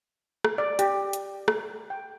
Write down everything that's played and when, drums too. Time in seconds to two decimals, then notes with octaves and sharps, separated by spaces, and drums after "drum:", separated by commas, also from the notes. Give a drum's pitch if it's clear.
0.44 drum: rim click
0.58 D5
0.79 G4, drum: hi-hat
1.13 drum: hi-hat
1.48 drum: rim click
1.90 G5